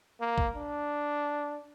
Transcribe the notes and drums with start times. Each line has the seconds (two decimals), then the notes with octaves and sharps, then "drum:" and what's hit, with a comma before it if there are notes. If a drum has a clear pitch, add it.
0.20 A#3
0.38 drum: kick
0.55 D4